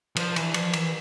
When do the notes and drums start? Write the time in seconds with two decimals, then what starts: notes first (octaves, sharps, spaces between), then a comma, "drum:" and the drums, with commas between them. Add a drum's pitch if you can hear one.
0.16 F3, drum: cymbal
0.36 E3, drum: cymbal
0.54 F3, drum: cymbal
0.73 E3, drum: cymbal